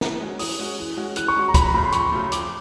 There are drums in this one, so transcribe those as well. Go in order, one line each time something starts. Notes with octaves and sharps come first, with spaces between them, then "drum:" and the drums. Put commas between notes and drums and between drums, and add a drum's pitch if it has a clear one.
E3 A#5, drum: snare
G#3 C#4 F#4
E3 D#6, drum: open hi-hat
G#3 C#4 F#4
E3
G#3 C#4 F#4
E3 F#6, drum: hi-hat
C#6
G#3 C#4 F#4
A#5
F2 B5, drum: kick, hi-hat
A#5
C#3 F#3 A3 B5
C6
F2 C#6, drum: hi-hat
C#3 F#3 A3
F2 D6, drum: hi-hat